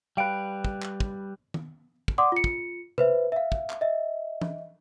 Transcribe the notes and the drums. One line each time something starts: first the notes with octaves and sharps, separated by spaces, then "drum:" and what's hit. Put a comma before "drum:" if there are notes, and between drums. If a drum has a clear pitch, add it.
G3 B4 F5 G5 D7
drum: kick
drum: clap
drum: kick
drum: tom D#3
drum: kick
D5 F#5 C6 D6 D#6
F4 C#7
drum: kick
B4 C5 E5, drum: tom C3
E5 F5
drum: kick
drum: clap
D#5 E5
drum: tom E3